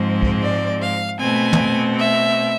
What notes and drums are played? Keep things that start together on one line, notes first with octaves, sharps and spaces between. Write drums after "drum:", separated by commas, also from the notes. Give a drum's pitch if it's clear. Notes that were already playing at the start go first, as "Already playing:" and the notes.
Already playing: G#2 F3 G#3 C4
drum: kick
D5
F5
B2 A3 C4 G#5
drum: tom
E5